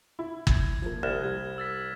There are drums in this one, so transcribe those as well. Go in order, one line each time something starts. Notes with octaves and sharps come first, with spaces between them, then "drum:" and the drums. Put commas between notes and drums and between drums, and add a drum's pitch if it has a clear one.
E4
G#6, drum: kick
F3 A#3
C2 F6 F#6 E7
G3 G#6
E6 A6 B6